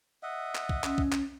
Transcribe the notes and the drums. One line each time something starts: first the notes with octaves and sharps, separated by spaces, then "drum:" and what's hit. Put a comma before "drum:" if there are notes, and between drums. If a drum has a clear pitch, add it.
D#5 E5 F#5
drum: clap
drum: kick
C#4, drum: clap
drum: kick
drum: clap